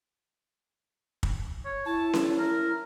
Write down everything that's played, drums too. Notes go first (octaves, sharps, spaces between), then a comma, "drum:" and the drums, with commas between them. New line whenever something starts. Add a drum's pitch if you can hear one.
drum: kick
C#5
E4 A5
drum: snare C#4
A#4